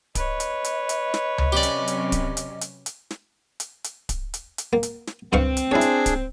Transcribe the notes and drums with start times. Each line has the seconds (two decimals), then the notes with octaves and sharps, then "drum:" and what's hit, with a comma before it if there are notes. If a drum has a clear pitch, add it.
0.15 B4 C#5 D#5, drum: kick D1, hi-hat
0.40 drum: hi-hat
0.64 drum: hi-hat
0.89 drum: hi-hat
1.14 drum: snare
1.38 drum: tom C#2
1.52 C3 F#3 C#4 G4 D5
1.63 drum: hi-hat
1.87 drum: hi-hat
2.12 drum: kick D1, hi-hat
2.37 drum: hi-hat
2.61 drum: hi-hat
2.86 drum: hi-hat
3.11 drum: snare
3.60 drum: hi-hat
3.84 drum: hi-hat
4.09 drum: kick D1, hi-hat
4.34 drum: hi-hat
4.58 drum: hi-hat
4.73 A#3
4.83 drum: hi-hat
5.07 drum: snare
5.33 G2 C4 F5 C#6, drum: tom C#2
5.57 drum: hi-hat
5.71 D4 E4 G#4 C#5
5.81 drum: hi-hat
6.06 drum: kick D1, hi-hat